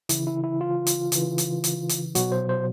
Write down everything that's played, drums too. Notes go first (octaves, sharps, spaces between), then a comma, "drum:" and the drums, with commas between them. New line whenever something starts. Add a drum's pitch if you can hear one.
C#3 E3 E4, drum: hi-hat
E4
E4
F4
drum: hi-hat
C#3 E3, drum: hi-hat
drum: hi-hat
drum: hi-hat
drum: hi-hat
B2 F#3 F#4, drum: hi-hat
C5
C5